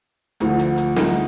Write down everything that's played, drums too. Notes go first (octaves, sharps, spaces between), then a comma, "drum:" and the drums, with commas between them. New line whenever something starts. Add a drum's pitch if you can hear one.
D2 D3 F3, drum: hi-hat
drum: hi-hat
drum: hi-hat
D#4, drum: snare